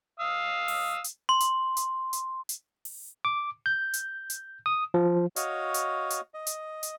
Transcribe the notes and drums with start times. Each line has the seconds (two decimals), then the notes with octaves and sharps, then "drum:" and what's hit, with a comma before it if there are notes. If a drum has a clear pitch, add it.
0.20 F5 D#6 E6
0.68 drum: open hi-hat
1.04 drum: hi-hat
1.29 C6
1.40 drum: hi-hat
1.77 drum: hi-hat
2.13 drum: hi-hat
2.49 drum: hi-hat
2.85 drum: open hi-hat
3.25 D6
3.66 G6
3.93 drum: hi-hat
4.30 drum: hi-hat
4.66 D#6
4.94 F3
5.36 F#4 C#5 D#5 F5, drum: hi-hat
5.74 drum: hi-hat
6.10 drum: hi-hat
6.34 D#5
6.47 drum: hi-hat
6.83 drum: hi-hat